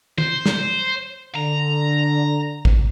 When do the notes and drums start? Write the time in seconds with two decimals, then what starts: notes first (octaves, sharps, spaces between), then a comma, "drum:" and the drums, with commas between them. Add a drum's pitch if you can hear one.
0.18 C5, drum: tom D#3
0.46 drum: snare
1.36 D3 A#5
2.65 drum: kick